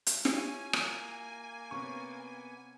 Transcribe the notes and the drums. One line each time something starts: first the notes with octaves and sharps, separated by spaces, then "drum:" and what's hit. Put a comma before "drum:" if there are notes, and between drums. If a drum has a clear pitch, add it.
drum: hi-hat
C#4 E4 F4 G4 G#5, drum: snare
A#3, drum: rim click
C3 B3 C#4 C#6